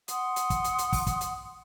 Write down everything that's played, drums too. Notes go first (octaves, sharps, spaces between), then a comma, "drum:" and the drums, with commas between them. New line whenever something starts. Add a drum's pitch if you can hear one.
F#5 C6 D#6, drum: hi-hat
drum: hi-hat
drum: kick, hi-hat
drum: hi-hat
drum: hi-hat
drum: kick, open hi-hat
drum: kick, hi-hat
drum: hi-hat